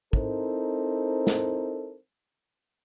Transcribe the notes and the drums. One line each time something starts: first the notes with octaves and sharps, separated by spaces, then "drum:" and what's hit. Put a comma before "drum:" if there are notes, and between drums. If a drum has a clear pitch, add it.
C4 D#4 E4 A4 A#4 C5, drum: kick
drum: snare